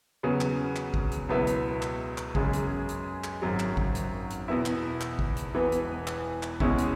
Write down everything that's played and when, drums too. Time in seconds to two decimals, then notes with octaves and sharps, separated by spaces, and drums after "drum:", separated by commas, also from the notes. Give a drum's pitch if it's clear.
0.23 E2 C#3 F#3 B3
0.41 drum: clap
0.76 drum: clap
0.94 drum: kick
1.11 drum: hi-hat
1.29 C#2 B2 F#3 B3 E4
1.47 drum: hi-hat
1.82 drum: clap
2.18 drum: clap
2.35 F#2 C#3 G#3, drum: kick
2.53 drum: hi-hat
2.89 drum: hi-hat
3.24 drum: clap
3.42 G#1 F#2 F#3
3.59 drum: clap
3.77 drum: kick
3.95 drum: hi-hat
4.30 drum: hi-hat
4.48 E2 B2 B3 E4
4.66 drum: clap
5.01 drum: clap
5.19 drum: kick
5.37 drum: hi-hat
5.54 E1 E2 E3 B3
5.72 drum: hi-hat
6.07 drum: clap
6.43 drum: clap
6.60 E2 B2 G#3 C#4 E4, drum: kick
6.78 drum: hi-hat